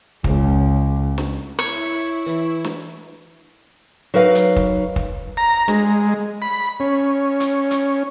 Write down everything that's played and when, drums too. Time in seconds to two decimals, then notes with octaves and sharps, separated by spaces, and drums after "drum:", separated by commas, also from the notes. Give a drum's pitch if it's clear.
0.24 C#2, drum: kick
1.18 drum: snare
1.59 E4 C#5
2.26 E3
2.64 drum: snare
4.14 F#3 D#4 A#4 B4 F5
4.35 drum: hi-hat
4.56 drum: kick
4.96 drum: kick
5.37 A#5
5.68 G#3, drum: snare
6.42 B5
6.80 C#4
7.40 drum: hi-hat
7.71 drum: hi-hat